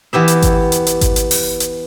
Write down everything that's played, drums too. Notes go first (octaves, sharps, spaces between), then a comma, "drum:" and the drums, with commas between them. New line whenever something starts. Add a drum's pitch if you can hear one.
E3 B3 G4 E5
drum: hi-hat
drum: kick G#1, hi-hat
drum: hi-hat
drum: hi-hat
drum: kick G#1, hi-hat
drum: hi-hat
drum: open hi-hat
drum: hi-hat